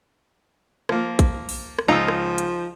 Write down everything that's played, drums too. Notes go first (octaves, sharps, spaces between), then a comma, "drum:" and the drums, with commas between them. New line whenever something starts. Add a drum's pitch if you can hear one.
F3 A#3, drum: rim click
drum: kick A#1, hi-hat
drum: open hi-hat
drum: rim click
C#2 F3 D#4 F4 E6
drum: rim click
drum: hi-hat